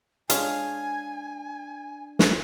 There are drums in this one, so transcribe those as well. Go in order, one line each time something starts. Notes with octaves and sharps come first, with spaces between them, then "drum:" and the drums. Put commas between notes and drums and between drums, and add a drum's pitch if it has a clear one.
G#3 D4 C#5 F5 G#5, drum: hi-hat
drum: snare